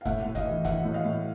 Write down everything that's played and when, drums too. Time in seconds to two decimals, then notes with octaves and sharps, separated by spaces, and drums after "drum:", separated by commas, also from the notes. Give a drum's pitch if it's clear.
0.01 F5
0.05 A2 E5 F#5, drum: kick, hi-hat
0.24 A2
0.35 D#5 F5, drum: kick, hi-hat
0.45 E3
0.65 E3 E5 F#5, drum: kick, hi-hat
0.84 A2
0.94 D#5 F5
1.04 A2